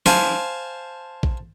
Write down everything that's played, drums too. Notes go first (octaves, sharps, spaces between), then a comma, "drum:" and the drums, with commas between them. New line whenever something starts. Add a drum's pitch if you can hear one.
C5 F5 G#5 A5, drum: snare
drum: kick A#1